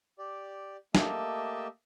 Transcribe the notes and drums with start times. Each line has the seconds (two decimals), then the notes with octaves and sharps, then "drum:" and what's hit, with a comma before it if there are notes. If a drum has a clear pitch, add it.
0.18 G4 D5
0.95 A3 A#3 G4 D#5 E5 A5, drum: snare